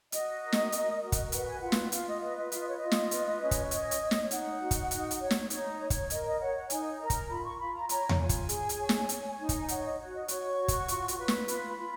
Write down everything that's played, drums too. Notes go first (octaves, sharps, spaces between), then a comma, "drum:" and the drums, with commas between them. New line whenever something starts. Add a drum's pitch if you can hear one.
F#4 D#5, drum: hi-hat
A#4
drum: snare
A#4, drum: hi-hat
F#4
drum: kick, hi-hat
B4 F#5, drum: hi-hat
G#5
F4 F#5
drum: snare
F4 F5, drum: hi-hat
D#5
B4 D#5
D#5
F4 F5, drum: hi-hat
D#5
C#5
F4 D#5
drum: snare
B4, drum: hi-hat
C#4
drum: kick, hi-hat
C#5 D#5, drum: hi-hat
drum: hi-hat
C#5
drum: snare
D#4 F#5, drum: hi-hat
F#4
drum: kick, hi-hat
D#4, drum: hi-hat
drum: hi-hat
C#5
drum: snare
D#4 C#5, drum: hi-hat
C#5
drum: kick, hi-hat
A#4 D#5, drum: hi-hat
D#5
C#5 F#5
F#5
D#4 G#5, drum: hi-hat
A#4 A#5
drum: kick, hi-hat
F4 B5
C#6
F4 B5
A#5
C#5 A#5, drum: hi-hat
drum: tom E2
F4 G#5
drum: kick, hi-hat
G#4, drum: hi-hat
drum: hi-hat
C#5
drum: snare
C#5, drum: hi-hat
D#4
drum: kick, hi-hat
G#5
C#5 F#5, drum: hi-hat
D#5
F#4 C#5
D#5
C#5 C#6, drum: hi-hat
F#4
drum: kick, hi-hat
F4, drum: hi-hat
drum: hi-hat
B4
drum: snare
F4 B5, drum: hi-hat
F4